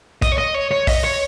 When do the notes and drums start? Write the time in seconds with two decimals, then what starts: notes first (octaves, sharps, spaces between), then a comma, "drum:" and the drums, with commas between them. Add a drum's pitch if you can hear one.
0.22 D#5, drum: kick, hi-hat
0.32 C#5
0.38 D#5
0.54 C#5
0.71 C#5
0.87 D#5, drum: kick, open hi-hat
1.04 C#5